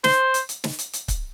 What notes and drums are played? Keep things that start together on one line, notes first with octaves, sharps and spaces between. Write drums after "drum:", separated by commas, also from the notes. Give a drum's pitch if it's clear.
C5, drum: snare
drum: hi-hat
drum: hi-hat
drum: snare
drum: hi-hat
drum: hi-hat
drum: kick C#1, hi-hat